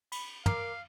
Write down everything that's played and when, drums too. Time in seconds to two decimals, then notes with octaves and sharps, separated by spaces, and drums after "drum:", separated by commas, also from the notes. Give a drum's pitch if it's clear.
0.12 B5, drum: cymbal
0.46 A#4 F5 D6, drum: tom